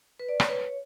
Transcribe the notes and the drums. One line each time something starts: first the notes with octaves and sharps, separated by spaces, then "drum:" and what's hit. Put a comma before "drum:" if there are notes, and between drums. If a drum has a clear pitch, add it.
B4
D5
C#5, drum: rim click
B4
C#5